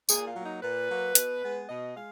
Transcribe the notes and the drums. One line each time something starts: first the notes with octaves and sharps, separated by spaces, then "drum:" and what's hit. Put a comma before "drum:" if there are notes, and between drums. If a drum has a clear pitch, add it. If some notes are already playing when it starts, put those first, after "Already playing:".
A#2 G#4, drum: tambourine
F4
F#3 A#3
D#4
A#2 B4
F#3 A#3
B2, drum: hi-hat
G#3 B3
B2 D#5
G#3 F5